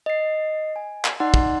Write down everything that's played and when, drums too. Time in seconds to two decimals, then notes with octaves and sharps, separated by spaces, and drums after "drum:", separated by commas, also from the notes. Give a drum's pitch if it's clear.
0.06 D#5 C7
0.76 G#5
1.05 drum: clap
1.20 D#4 D5 F#5 C6
1.34 drum: kick